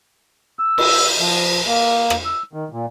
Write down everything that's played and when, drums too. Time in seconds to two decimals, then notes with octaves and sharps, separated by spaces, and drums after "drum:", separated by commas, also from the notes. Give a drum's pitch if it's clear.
0.59 E6
0.78 drum: cymbal
1.20 F3
1.67 A#3
2.10 drum: rim click
2.25 E6
2.53 D#3
2.72 A#2